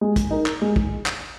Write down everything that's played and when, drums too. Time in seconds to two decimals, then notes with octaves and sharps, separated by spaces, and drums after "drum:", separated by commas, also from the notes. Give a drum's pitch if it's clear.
0.01 G#3
0.16 drum: kick, hi-hat
0.31 D#4 A#4
0.46 drum: clap
0.61 G#3
0.76 drum: kick
1.06 drum: clap